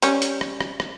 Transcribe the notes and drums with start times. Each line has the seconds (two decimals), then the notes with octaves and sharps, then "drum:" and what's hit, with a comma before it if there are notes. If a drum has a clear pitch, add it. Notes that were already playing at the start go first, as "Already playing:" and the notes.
0.02 G3 C#4, drum: hi-hat
0.22 drum: hi-hat
0.41 drum: rim click
0.61 drum: rim click
0.80 drum: rim click